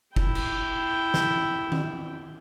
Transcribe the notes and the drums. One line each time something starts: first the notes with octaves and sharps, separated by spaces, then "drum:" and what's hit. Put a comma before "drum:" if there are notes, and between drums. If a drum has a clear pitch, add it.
E4 G5, drum: kick
drum: cymbal
drum: snare
drum: tom D#3